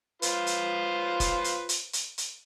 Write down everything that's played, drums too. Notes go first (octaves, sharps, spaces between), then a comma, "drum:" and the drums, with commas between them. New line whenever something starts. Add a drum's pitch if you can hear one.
F4 B4 C5, drum: hi-hat
drum: hi-hat
drum: kick F#1, hi-hat
drum: hi-hat
drum: hi-hat
drum: hi-hat
drum: hi-hat